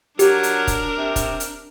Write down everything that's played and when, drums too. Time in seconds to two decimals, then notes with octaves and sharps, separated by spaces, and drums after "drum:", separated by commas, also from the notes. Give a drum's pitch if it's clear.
0.19 F#3 D4 G4 A#4, drum: hi-hat
0.43 drum: hi-hat
0.67 drum: kick, hi-hat
0.97 C3
1.16 drum: kick, hi-hat
1.40 drum: hi-hat